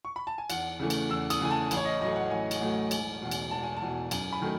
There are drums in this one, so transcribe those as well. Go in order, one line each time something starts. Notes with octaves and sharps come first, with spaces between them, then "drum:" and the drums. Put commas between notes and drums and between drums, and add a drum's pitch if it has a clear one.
C#6
B5
A5
G#5
E2 F#5, drum: cymbal
C#3 E3 A3
drum: cymbal
E2 E6
D#6, drum: cymbal
C#3 E3 A3 G#5
A5
A1, drum: cymbal
C#5
D#5
A2 F#3 A3 D#5
F#5
A1 G#5
drum: cymbal
A2 F#3 A3
E1, drum: cymbal
E2 B2
drum: cymbal
E1 A5
G#5
A5
E2 B2
F#2 G#5, drum: cymbal
B5
D#3 F#3 A3